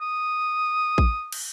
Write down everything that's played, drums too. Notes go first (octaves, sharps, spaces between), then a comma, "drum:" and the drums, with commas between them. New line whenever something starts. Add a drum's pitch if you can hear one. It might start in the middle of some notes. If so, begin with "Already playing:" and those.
D#6
drum: kick
drum: cymbal